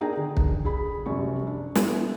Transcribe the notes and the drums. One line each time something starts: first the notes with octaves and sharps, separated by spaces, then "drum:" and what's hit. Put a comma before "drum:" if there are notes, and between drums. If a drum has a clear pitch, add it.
A#3 D4 D#4 G#4 G5 A#5
D3
drum: kick
G#4 B5
F1 F#2 G3 C#6
D4
B3 E4, drum: snare